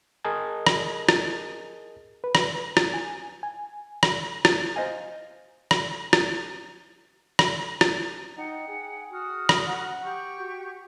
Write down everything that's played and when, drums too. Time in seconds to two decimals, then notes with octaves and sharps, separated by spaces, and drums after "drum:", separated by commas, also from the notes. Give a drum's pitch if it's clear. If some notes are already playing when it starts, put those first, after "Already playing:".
0.24 G#4 A#4 D#5 G#5 A5 G#6
0.67 drum: rim click
1.09 drum: rim click
2.24 B4
2.35 drum: rim click
2.77 drum: rim click
2.94 G#5
3.43 G#5
4.03 drum: rim click
4.45 drum: rim click
4.76 C5 D#5 F5 G#5
5.71 drum: rim click
6.13 drum: rim click
7.39 drum: rim click
7.81 drum: rim click
8.38 D#4 F#5 G5
8.68 G#4
9.10 F#4 D#6 F6
9.49 drum: rim click
9.68 F#5
10.04 G4 C#6 G6
10.39 F#4